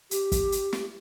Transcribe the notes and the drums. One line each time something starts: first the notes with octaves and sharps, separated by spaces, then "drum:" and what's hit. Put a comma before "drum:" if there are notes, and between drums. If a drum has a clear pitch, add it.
G4, drum: hi-hat
drum: kick, hi-hat
drum: hi-hat
drum: snare